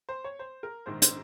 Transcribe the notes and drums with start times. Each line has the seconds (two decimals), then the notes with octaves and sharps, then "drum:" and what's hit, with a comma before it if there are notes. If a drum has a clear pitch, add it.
0.09 C5
0.24 C#5
0.39 C5
0.63 A#4
0.86 A#1 G#2 D#3 C5
1.02 C5, drum: hi-hat